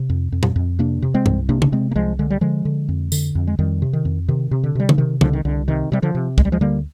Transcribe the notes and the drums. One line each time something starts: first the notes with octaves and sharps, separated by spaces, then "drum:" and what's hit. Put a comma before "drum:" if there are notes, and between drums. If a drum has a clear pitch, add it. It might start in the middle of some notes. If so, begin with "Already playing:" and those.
Already playing: C3
F2
F2
drum: tom A#2
F2
C3 A#3 D4
C3
G#3 C4
C2, drum: tom G2
C3 A#3 D4
D4, drum: tom C#3
C3 G#3 C4
A#3
C2 F3 G#3
D3 G#3
G3
D3 F3 G#3
D3
F2
D3, drum: tambourine
F2
G#3
F2 D#3 G3
C3
D#3
F2
C3 D#3
C3
D3
C3 G3
F3, drum: tom C#3
C3 D#3
C2 D3 F3, drum: tom C#3
D#3
C2 D3
C3 D#3
C3 G3
D3 F3
C3
D2 G#3, drum: kick
G3
F3 G#3
D3 G3 A#3